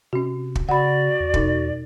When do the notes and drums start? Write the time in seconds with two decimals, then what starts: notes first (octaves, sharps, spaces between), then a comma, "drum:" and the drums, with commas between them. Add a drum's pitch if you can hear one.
0.13 C3 C#4 F#4
0.55 drum: kick
0.69 C#3 F#4 D5 F#5 B5
1.20 E2
1.34 B2 D#4, drum: kick